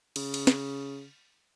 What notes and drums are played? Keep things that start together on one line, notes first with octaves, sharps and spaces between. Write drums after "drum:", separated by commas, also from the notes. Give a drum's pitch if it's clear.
C#3, drum: cymbal
drum: cymbal
drum: snare